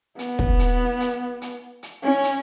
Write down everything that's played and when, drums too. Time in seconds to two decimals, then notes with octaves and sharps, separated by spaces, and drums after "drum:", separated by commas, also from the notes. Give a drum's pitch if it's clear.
0.19 B3, drum: hi-hat
0.39 drum: kick
0.59 drum: hi-hat
1.00 drum: hi-hat
1.42 drum: hi-hat
1.83 drum: hi-hat
2.03 C#4
2.24 drum: hi-hat